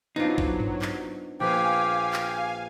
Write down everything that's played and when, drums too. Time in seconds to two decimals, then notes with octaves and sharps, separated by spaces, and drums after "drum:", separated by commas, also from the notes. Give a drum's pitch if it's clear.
0.16 F#3 B3 C4 D4 D#4 F4
0.38 drum: kick A1
0.60 drum: tom G2
0.82 drum: clap
1.40 A#1 G4 B4 F5 G5 G#5
2.13 drum: clap